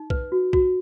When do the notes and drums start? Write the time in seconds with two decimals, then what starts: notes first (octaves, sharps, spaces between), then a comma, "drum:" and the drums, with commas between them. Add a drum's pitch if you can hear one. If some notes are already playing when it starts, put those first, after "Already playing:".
Already playing: D#4
0.10 B4, drum: kick B1
0.32 F#4
0.53 F#4, drum: kick B1